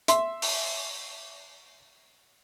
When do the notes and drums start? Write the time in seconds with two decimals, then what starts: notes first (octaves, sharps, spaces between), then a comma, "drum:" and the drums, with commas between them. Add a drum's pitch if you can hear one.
0.08 E5 C6, drum: hi-hat
0.42 drum: open hi-hat